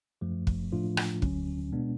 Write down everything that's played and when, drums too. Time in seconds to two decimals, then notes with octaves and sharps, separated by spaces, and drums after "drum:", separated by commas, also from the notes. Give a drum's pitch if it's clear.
0.21 F#2 F3 A3
0.47 drum: kick
0.72 A2 F3 A3 D4 F4
0.97 drum: rim click
1.22 D2 D3 F#3 C#4, drum: kick
1.72 B2 G#3 B3 D4